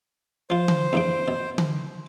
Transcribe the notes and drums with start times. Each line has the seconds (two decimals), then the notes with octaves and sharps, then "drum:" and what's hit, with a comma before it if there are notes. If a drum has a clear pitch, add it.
0.50 F3 F4 C5
0.68 drum: tom D3
0.93 E2 G2 G5
1.28 B2
1.58 drum: tom D3